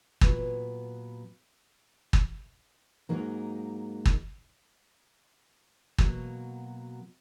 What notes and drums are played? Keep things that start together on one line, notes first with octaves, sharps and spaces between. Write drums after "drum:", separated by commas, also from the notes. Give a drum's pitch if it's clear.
A#2 F#3 B3, drum: kick
drum: kick
G#2 F#3 A#3 D#4 A#4
drum: kick
B2 F#3 A#3, drum: kick